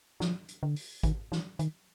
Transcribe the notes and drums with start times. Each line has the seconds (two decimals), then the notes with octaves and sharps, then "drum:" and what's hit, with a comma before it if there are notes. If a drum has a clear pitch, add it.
0.20 F3, drum: snare
0.49 drum: hi-hat
0.63 D3
0.76 drum: open hi-hat
1.03 D#3, drum: kick G#1, hi-hat
1.32 E3, drum: snare
1.59 D#3, drum: hi-hat